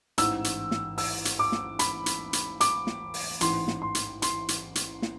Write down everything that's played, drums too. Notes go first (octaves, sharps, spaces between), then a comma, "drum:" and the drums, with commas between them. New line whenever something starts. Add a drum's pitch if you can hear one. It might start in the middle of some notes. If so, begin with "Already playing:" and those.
A1 G#2 E3 E6, drum: hi-hat
drum: hi-hat
drum: snare
E6, drum: open hi-hat
drum: hi-hat
D6
drum: snare
B5, drum: hi-hat
drum: hi-hat
drum: hi-hat
D6, drum: hi-hat
drum: snare
drum: open hi-hat
A1 G#2 E3 C6, drum: hi-hat
drum: snare
C6
drum: hi-hat
C6, drum: hi-hat
drum: hi-hat
drum: hi-hat
drum: snare